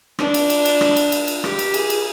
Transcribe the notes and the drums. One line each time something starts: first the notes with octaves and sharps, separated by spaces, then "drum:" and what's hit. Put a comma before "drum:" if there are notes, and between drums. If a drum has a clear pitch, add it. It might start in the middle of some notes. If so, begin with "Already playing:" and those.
D4, drum: rim click
drum: cymbal
drum: cymbal
drum: cymbal
drum: rim click
drum: cymbal
drum: cymbal
drum: cymbal
G4, drum: rim click
drum: cymbal
G#4, drum: cymbal
drum: cymbal